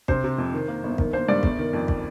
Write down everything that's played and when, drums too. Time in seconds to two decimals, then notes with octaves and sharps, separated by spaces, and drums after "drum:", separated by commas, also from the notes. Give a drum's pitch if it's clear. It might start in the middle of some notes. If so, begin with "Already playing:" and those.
0.08 C3 C5, drum: kick
0.24 C3
0.38 F2
0.53 D#3
0.68 A#3
0.83 G1
0.98 D#3, drum: kick
1.13 A#3 C5
1.28 G2 D5
1.43 G1, drum: kick
1.59 D#3
1.73 F2
1.88 drum: kick